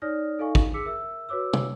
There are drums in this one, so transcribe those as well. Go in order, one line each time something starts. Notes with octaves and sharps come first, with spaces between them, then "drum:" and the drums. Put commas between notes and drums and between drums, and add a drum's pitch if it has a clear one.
D#4 C#5 D5 D#6 F6 A#6
D#4 A4 D#5 F5 G#5 C#6
drum: kick
G#4 D6 E6 B6 C#7
A#4 E5 E6
F#4 B4 C#5 D6 E6
drum: tom